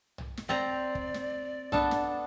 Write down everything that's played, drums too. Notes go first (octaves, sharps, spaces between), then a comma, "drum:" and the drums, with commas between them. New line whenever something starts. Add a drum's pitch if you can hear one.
drum: tom B1
drum: snare
C4 D5 A#5
drum: kick
drum: snare
B3 D4 A4, drum: tom B1
drum: snare